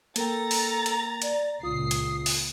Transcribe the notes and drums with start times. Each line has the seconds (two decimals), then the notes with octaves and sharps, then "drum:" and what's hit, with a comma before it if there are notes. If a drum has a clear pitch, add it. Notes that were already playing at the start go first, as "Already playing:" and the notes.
0.16 A#3 A4 A#4 G5 A#5 A6, drum: hi-hat
0.51 drum: open hi-hat
0.86 drum: hi-hat
1.22 D5, drum: hi-hat
1.63 C#2 A#2 F4 D#6 C7
1.91 drum: hi-hat
2.26 drum: open hi-hat